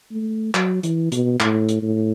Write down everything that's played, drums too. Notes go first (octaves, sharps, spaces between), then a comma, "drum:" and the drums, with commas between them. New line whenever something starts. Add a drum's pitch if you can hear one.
A3
F#3, drum: clap
E3, drum: hi-hat
B2, drum: hi-hat
A2, drum: clap
drum: hi-hat
A2